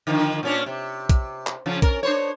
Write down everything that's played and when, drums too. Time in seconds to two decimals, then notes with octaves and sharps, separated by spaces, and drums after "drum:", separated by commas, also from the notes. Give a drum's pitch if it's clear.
0.07 D3 D#3 F3
0.43 A#2 C#4 D4
0.66 C3
1.09 drum: kick, hi-hat
1.47 drum: clap
1.66 C#3 F3 C#4
1.82 C#4 A#4, drum: kick, hi-hat
2.03 D4 C5 C#5